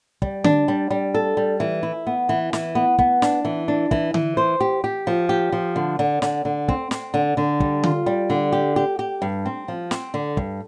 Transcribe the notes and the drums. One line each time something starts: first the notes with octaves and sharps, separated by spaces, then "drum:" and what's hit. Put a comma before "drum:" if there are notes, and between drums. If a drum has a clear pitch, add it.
G3, drum: kick
D4, drum: tom D3
G3
G3
A4
G3
E3
E4
B3
E3
E3, drum: snare
B3
B3, drum: kick
D4, drum: snare
E3
D4
E3, drum: kick
E3, drum: tom D3
C5
G4
G4
F3
G4
F3
D3
D3
D3, drum: snare
D3
C4, drum: kick
C4, drum: snare
D3
D3
G3, drum: kick
F4, drum: tom D3
G3
D3
G4
G4
G4
G2
C4
F3
C4, drum: snare
D3
G2, drum: kick